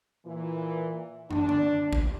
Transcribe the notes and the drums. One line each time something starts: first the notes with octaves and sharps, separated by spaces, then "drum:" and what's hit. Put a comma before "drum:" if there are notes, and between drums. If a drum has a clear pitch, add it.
A#2 E3
D4, drum: tom
drum: tom D3
drum: kick